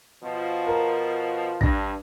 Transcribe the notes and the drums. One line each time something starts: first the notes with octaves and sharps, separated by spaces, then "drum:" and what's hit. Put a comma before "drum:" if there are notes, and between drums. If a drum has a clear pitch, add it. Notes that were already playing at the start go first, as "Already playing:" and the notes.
B2 F3
A#4
G2 D4 A#6, drum: kick